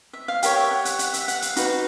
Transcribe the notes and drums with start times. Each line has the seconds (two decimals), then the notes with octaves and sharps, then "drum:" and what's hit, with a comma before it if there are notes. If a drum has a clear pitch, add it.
0.13 E5
0.28 F5
0.43 G4 A#4 C#5 G5, drum: hi-hat
0.57 E5
0.71 F#5
0.85 F#5, drum: hi-hat
0.99 F#5, drum: hi-hat
1.13 E5, drum: hi-hat
1.28 F#5, drum: hi-hat
1.42 F5, drum: hi-hat
1.56 D#4 F#4 B4, drum: hi-hat